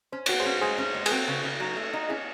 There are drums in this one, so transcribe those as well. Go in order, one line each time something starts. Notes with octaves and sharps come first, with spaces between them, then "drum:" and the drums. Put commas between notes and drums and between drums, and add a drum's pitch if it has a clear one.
C#4 C5
F#4 C#5, drum: cymbal
G#4 C5
C#4
G#3 G#4 C5
C#4
G#3
G#4, drum: cymbal
C4 F#4 A4
C#3
C#3
F#3
A3
D#4
C#4 E4 G#4